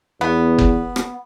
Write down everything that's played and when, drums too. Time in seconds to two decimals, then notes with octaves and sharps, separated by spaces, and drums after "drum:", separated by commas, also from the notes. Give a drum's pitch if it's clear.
0.21 E2 B3
0.58 drum: kick F#1
0.96 drum: rim click